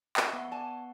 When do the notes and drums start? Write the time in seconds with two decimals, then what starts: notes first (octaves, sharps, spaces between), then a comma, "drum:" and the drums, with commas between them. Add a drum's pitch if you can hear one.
0.17 F2 E5, drum: clap
0.33 B3 F#5 C#6
0.51 D5 G#5 A5